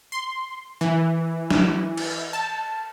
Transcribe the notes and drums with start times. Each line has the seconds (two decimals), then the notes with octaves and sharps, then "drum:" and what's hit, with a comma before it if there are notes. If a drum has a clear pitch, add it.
0.12 C6
0.81 E3
1.51 drum: snare
1.97 drum: cymbal
2.33 A5